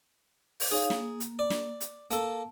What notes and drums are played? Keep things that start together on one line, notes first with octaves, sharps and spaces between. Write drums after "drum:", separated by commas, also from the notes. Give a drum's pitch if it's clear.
drum: open hi-hat
D#4 G#4 C#5 F5
A#3, drum: snare
drum: hi-hat
D5
drum: snare
drum: hi-hat
A#3 A4 A5, drum: hi-hat